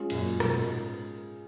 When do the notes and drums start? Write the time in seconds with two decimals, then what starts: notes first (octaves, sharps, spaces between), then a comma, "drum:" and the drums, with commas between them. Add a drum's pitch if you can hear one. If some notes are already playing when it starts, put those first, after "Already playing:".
Already playing: G#3 C#4 F4 G#4
0.10 F#2 A#2, drum: cymbal
0.40 G#2 B2, drum: rim click